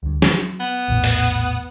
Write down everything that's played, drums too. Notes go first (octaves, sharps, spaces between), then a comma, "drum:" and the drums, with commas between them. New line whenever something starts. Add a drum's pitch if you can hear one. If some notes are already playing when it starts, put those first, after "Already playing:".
D2 G2
F#3, drum: snare
B3
A#1 E2 A2
drum: open hi-hat